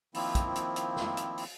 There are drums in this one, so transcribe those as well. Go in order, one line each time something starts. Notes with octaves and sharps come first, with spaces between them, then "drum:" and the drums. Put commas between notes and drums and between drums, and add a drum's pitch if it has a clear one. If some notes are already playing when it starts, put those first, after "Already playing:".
D#3 F3 A#3 C4 E4, drum: open hi-hat
drum: kick, hi-hat
drum: hi-hat
drum: hi-hat
drum: snare
drum: hi-hat
drum: open hi-hat